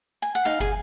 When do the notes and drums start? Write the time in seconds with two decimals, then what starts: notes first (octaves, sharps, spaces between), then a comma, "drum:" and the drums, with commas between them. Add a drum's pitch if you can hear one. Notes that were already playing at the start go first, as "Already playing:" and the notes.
0.22 G#5
0.35 F#5
0.45 D#4 F5
0.60 G#4 G#5, drum: kick